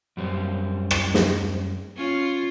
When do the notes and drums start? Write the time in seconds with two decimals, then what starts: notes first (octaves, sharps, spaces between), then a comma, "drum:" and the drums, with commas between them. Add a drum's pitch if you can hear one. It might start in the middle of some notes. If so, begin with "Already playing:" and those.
0.17 F#2 G3 C4
0.91 drum: rim click
1.14 drum: snare
1.97 C#4 F4